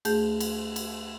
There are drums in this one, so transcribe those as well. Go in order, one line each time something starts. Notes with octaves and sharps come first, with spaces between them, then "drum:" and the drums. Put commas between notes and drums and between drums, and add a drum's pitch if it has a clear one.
D2 A3 G#4 G6, drum: cymbal
drum: cymbal
drum: cymbal